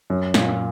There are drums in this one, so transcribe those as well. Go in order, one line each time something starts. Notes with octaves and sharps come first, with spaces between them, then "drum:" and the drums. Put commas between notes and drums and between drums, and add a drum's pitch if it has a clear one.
F#2
A#2, drum: snare